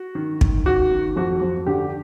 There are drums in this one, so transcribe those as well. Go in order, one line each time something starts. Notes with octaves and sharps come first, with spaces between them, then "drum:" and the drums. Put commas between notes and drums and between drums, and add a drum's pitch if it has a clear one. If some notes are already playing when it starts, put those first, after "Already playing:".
Already playing: F#4
D#3
D#3, drum: kick
D#3 F#4
D#3
F2 F#4
F2
D3 G4